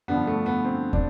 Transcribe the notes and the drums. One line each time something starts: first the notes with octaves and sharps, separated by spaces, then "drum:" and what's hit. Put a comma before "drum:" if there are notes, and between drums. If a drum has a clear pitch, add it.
G2 D3 F3 B3
A3
B3
C4
D4, drum: kick